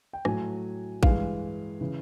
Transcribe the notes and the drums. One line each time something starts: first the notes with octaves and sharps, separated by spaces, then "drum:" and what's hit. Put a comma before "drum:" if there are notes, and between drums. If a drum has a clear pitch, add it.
G5
A2 F#3 A3 G#5, drum: rim click
G2 E3 G#3 F5, drum: kick A1
C#3 E3